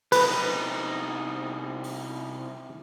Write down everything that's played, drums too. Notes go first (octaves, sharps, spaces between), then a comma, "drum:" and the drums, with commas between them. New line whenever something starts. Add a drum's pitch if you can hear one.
C2 D#4 B4, drum: cymbal
drum: open hi-hat